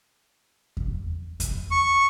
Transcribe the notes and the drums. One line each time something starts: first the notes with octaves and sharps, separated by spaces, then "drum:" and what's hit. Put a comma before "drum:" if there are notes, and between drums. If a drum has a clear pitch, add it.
drum: kick E2
drum: kick E2, hi-hat
C#6